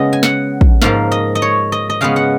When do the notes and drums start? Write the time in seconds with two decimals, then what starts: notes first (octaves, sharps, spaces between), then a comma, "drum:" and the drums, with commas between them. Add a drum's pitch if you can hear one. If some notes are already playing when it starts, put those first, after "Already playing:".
Already playing: C#3 G#3 B3 D#5
0.13 G#5
0.23 F#5, drum: snare
0.61 drum: kick
0.82 G#2 F3 A#3 F5, drum: snare
1.12 D#5
1.35 D#5
1.42 C#5
1.72 D#5
1.90 D#5
2.01 C#3 G#3 B3 F5
2.16 F#5